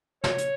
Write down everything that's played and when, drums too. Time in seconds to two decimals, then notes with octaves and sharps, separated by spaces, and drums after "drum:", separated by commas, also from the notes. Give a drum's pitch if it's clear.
0.24 C#5, drum: snare
0.38 drum: hi-hat